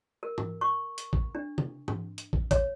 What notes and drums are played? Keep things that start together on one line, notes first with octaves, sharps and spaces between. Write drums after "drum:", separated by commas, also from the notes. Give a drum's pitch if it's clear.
A#4
drum: tom G#2
C#6
drum: hi-hat
drum: kick
D4
drum: tom
drum: tom G#2
drum: hi-hat
drum: kick
C#5, drum: kick, hi-hat